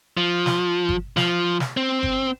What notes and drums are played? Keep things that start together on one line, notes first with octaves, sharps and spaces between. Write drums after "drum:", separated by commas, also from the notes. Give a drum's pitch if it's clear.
F3
drum: snare
drum: kick G1
F3, drum: snare
drum: snare
C4
drum: kick G1